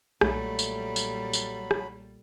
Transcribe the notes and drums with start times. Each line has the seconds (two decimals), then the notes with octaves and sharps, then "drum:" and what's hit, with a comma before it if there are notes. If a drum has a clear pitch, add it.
0.21 B1 A#2 F#3 G3 A3 B5, drum: rim click
0.59 drum: tambourine
0.96 drum: tambourine
1.33 drum: tambourine
1.71 drum: rim click